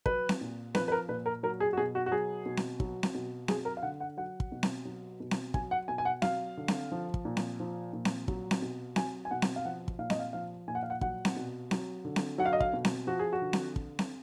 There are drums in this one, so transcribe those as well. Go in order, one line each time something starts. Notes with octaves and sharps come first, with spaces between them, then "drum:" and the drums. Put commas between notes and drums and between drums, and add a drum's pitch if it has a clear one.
F#3 B4, drum: kick
drum: snare C4
A#2
F3 B4, drum: snare C4
B4
A#4
A#2 B4
A#4
F#3 A#4
G#4
F#4
B2 G#4
F#4
F#4
F#3 G#4
B2
drum: snare C4
F#3, drum: kick
drum: snare C4
B2
F#3 G#4, drum: snare C4
A#4
F5
D3 F#5
F#5
F#3 F#5
drum: kick
B2
drum: snare C4
F#3
B2
drum: snare C4
F#3 G#5, drum: kick
F#5
B2 G#5
G#5
F#5
F#3 F5, drum: snare C4
D3
drum: snare C4
F3
drum: kick
A#2
drum: snare C4
F3
A#2
drum: snare C4
F#3, drum: kick
drum: snare C4
B2
F#3 G#5, drum: snare C4
G#5
B2 F#5
drum: snare C4
F5
F3 F#5
drum: kick
A#2 F5
D#5, drum: snare C4
F5
F3 F5
A#2 G#5
F#5
F5
F#5
F#3 F#5, drum: kick
drum: snare C4
B2
F#3, drum: snare C4
D3
drum: snare C4
F#3 F#5
F5
D#5
F5, drum: kick
B2
drum: snare C4
F3 F#4
G#4
F#4
D3
drum: snare C4
drum: kick
drum: snare C4